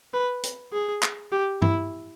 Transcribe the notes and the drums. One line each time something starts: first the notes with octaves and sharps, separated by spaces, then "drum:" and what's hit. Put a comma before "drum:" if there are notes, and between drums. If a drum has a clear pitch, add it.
B4
drum: hi-hat
G#4
drum: clap
G4
E4, drum: tom G2